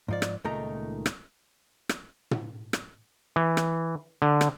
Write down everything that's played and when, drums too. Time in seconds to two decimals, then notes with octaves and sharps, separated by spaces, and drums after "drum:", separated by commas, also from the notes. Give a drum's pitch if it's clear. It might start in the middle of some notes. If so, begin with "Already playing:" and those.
0.08 G#2 F3 D5
0.22 drum: rim click
0.44 C#2 A#2 D#3 A3 D#4 A#5
1.06 drum: rim click
1.89 drum: rim click
2.31 drum: tom
2.73 drum: rim click
3.36 E3
3.57 drum: rim click
4.22 D3
4.41 drum: rim click